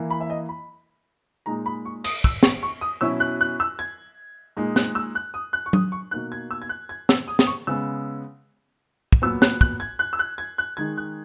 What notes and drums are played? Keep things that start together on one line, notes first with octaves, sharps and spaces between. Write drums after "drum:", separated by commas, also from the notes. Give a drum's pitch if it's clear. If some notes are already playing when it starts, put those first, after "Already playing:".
Already playing: E3 A#3 E4
B5
E5
D#5
B5
A#2 G#3 D#4 A#5
B5
C#6
D#6, drum: cymbal
E6, drum: kick
C#6, drum: snare
C#6
D#6
B2 F#3 C#4 E4 E6
F#6
F#6
E6
G#6
A#2 G#3 D#4
F#6, drum: snare
E6
F#6
D#6
F#6
C#6
D#6, drum: tom F#3
C#6
B2 A#3 D#4 F#6
G#6
E6
G#6
F#6
G#6
E6, drum: snare
D#6
D#6, drum: snare
C#6
C#3 G#3 B3 E6
drum: kick
A#2 F#3 B3 E6
F#6, drum: snare
F#6, drum: kick
G#6
F#6
E6
F#6
G#6
F#6
D#3 G#3 D#4 G#6
F#6